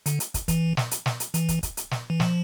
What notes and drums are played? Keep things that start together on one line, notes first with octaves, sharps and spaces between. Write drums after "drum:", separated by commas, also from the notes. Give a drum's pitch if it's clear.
D3, drum: hi-hat
drum: hi-hat
drum: kick, hi-hat
E3, drum: kick, hi-hat
drum: snare
drum: hi-hat
drum: snare
drum: hi-hat
E3, drum: hi-hat
drum: kick, hi-hat
drum: kick, hi-hat
drum: hi-hat
drum: snare
E3
F3, drum: snare